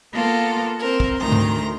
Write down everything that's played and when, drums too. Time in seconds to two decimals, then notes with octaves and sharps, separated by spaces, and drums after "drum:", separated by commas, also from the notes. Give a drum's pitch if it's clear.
0.13 A#3 B3 F4 A4
0.79 C4 A#4
1.00 drum: kick
1.18 D2 D#3 A#5 C6
1.32 drum: tom G#2